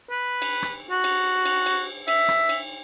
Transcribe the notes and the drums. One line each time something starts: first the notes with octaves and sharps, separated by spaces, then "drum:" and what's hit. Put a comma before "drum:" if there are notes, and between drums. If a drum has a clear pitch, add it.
B4
drum: cymbal
drum: rim click
F#4
drum: cymbal
drum: cymbal
drum: cymbal
E5, drum: cymbal
drum: rim click
drum: cymbal